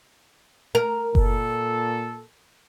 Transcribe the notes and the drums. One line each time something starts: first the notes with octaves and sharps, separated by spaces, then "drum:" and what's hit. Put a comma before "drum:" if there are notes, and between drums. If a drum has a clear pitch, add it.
A#4
A#2 A4, drum: kick F#1